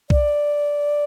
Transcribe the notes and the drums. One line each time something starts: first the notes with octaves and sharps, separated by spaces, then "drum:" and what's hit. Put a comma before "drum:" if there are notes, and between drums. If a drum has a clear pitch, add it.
D5, drum: kick B1